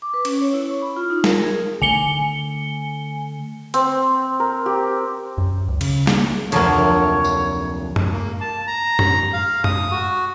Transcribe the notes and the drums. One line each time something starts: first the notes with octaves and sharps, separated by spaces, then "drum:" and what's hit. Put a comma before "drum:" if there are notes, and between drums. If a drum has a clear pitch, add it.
D6
B4
C#4, drum: cymbal
C#5
E4
C#6
B5
F4
D#4
A#4, drum: snare
G#4
D3 A3 G#5 C#7 G7
C4, drum: hi-hat
A#4
G4
F#2
C#2
C#3, drum: cymbal
A#3, drum: snare
F1 D2 F3 F#3 A#3 C#5 A5, drum: hi-hat
drum: tambourine
drum: tom F#2
A#3
A5
A#5
drum: tom F#2
F5
D#6, drum: tom F#2
F#4